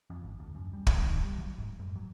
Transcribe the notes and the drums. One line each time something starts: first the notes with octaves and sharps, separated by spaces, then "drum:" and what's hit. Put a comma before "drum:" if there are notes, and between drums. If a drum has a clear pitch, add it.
F2
G#1
D2
F#2
G3
B1, drum: kick
D#3
G3
F#3
G#2
F#2
F#3